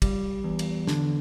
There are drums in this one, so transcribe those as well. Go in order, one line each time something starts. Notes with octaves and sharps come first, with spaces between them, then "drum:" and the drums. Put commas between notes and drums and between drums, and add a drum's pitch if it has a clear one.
G3, drum: kick, cymbal
E2
drum: cymbal
D3, drum: snare